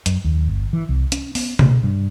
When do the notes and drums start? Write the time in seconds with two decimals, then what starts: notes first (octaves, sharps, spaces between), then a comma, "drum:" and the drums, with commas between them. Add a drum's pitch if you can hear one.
0.06 F#2, drum: hi-hat
0.24 D#2
0.47 G1
0.73 E3
0.89 C2
1.12 C#4, drum: hi-hat
1.35 B3, drum: open hi-hat
1.59 B2, drum: tom C3
1.83 G2